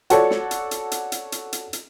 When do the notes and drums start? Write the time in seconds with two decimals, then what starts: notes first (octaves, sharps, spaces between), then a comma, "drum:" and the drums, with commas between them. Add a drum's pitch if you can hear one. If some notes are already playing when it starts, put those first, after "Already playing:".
0.10 F#4 A4 C#5 D5, drum: hi-hat
0.30 drum: snare
0.51 drum: hi-hat
0.71 drum: hi-hat
0.92 drum: hi-hat
1.12 drum: hi-hat
1.32 drum: hi-hat
1.53 drum: hi-hat
1.73 drum: hi-hat